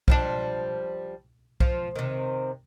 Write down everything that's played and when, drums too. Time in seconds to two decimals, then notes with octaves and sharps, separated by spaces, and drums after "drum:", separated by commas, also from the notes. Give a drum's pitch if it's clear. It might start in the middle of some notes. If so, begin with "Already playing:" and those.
0.08 F3 G3 D4, drum: kick B1
1.60 F3, drum: kick B1
1.95 C3 D#3